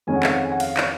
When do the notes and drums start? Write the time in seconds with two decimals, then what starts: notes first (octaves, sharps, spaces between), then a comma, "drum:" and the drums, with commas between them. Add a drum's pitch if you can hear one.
0.07 F2 D#3 G#3 C#4 G#5
0.16 F#5
0.23 F5, drum: clap
0.31 F#5
0.45 G#5
0.52 F#5
0.60 F5, drum: cymbal
0.77 drum: clap